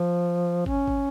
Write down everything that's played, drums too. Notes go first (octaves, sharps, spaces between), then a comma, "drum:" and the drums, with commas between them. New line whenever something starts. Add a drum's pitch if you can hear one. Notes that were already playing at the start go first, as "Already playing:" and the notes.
Already playing: F3
C#4, drum: kick
drum: kick